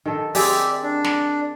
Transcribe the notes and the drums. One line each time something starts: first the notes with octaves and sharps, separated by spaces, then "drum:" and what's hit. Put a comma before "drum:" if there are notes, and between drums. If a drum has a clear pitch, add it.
D#3 A4
C4 G4 G#4 D5 E5, drum: open hi-hat
D4
drum: snare